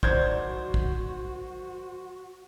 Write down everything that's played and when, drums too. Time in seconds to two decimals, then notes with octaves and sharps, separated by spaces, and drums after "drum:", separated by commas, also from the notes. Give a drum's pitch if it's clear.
0.03 D#3 F#3 F#4 C5 D5 G6 G#6, drum: kick
0.74 drum: kick